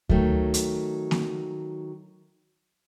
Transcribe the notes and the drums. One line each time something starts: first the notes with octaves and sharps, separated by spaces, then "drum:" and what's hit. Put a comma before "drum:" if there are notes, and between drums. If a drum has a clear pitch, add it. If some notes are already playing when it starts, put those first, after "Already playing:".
D#3 F#3 A3, drum: kick D2
drum: hi-hat
drum: snare A#3